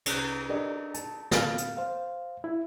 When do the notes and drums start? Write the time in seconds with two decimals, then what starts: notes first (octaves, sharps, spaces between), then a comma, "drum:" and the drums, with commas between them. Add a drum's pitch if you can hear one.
0.06 C2 C#4 F#6, drum: cymbal
0.49 D4 G4 A4 A#4 D5 D#5
0.94 A5, drum: hi-hat
1.31 A4 F5 F6 A6, drum: snare
1.58 drum: hi-hat
1.77 C5 F5
2.44 E4